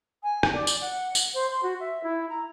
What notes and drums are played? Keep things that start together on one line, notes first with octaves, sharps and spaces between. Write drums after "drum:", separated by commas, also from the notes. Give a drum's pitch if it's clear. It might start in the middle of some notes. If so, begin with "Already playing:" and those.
G#5
drum: rim click
D5
drum: tambourine
F#5
drum: tambourine
C5
C6
F#4
E5
E4
A#5